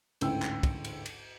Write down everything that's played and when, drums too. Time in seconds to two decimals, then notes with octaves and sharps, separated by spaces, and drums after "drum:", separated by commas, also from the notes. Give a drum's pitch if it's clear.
0.21 A1 D2 G#2 E4 G5 E6, drum: cymbal
0.42 drum: clap
0.63 drum: kick, cymbal
0.85 drum: cymbal
1.06 drum: cymbal